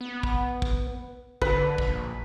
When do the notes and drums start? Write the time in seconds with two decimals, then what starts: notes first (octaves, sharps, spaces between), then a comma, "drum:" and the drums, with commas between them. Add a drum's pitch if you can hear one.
0.01 B3
0.23 drum: kick
0.62 drum: kick
1.42 D3 B4, drum: kick
1.78 A#1, drum: kick